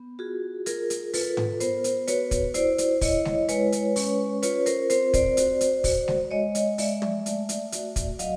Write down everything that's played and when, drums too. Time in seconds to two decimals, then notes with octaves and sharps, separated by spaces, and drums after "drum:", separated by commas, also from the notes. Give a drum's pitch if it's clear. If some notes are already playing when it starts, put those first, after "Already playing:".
Already playing: B3
0.19 F4 F#4 G#4
0.66 F4 G#4 A#4, drum: hi-hat
0.90 drum: hi-hat
1.14 F4 A4 B4, drum: open hi-hat
1.37 drum: tom G#2
1.60 B3 A#4 C5, drum: hi-hat
1.84 drum: hi-hat
2.08 F#4 B4 C#5, drum: hi-hat
2.31 drum: kick, hi-hat
2.54 E4 C5 D5, drum: hi-hat
2.78 drum: hi-hat
3.01 E4 C#5 D#5, drum: kick, open hi-hat
3.25 drum: snare G#3
3.49 G#3 B4 C#5, drum: hi-hat
3.72 drum: hi-hat
3.96 C#4, drum: open hi-hat
4.43 F4 B4 C#5, drum: hi-hat
4.66 A#4 C5, drum: hi-hat
4.90 C4 A#4 C5, drum: hi-hat
5.14 C5 D5, drum: kick, hi-hat
5.37 F#4, drum: hi-hat
5.61 drum: hi-hat
5.84 F#4, drum: kick, open hi-hat
6.08 drum: snare G#3
6.31 G#3 C#5 D#5
6.55 drum: hi-hat
6.78 G#3 D5 E5, drum: open hi-hat
7.02 drum: tom
7.26 A3, drum: hi-hat
7.49 drum: hi-hat
7.72 F#4, drum: hi-hat
7.96 drum: kick, hi-hat
8.19 F#3 D#5 F5, drum: hi-hat